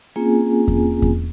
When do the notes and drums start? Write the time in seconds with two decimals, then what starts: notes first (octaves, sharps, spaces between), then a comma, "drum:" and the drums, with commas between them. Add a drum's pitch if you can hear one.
0.16 A#3 C4 C#4 F4 G#4 G#5
0.68 drum: kick E2
1.02 drum: kick E2